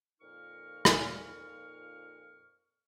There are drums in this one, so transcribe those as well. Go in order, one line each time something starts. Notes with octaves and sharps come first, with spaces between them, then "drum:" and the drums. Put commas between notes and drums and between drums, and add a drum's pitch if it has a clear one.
F2 A#2 D#4 A#4 C#6 F6
drum: rim click